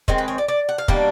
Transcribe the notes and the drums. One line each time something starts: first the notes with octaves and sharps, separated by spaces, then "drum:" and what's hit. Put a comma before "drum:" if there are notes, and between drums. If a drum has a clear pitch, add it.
D#3 G#3 C4, drum: kick
B4
C#5
D5
D5
F#5
F5
B2 G3 A#3 D4, drum: kick